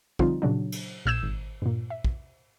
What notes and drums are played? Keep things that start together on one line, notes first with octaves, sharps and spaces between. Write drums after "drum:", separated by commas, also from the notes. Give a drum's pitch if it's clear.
D3 F3 G3 C4 D#4 F4, drum: kick
A#2 C#3 F#3 D4
drum: cymbal
A#1 A#2 E6 G6 G#6 E7
G#1
G2 A#2
E5
drum: kick